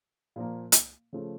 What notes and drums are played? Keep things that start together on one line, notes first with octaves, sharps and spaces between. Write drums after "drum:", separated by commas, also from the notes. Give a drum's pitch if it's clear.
A#2 F3 A#3
drum: hi-hat
C#3 F3 A3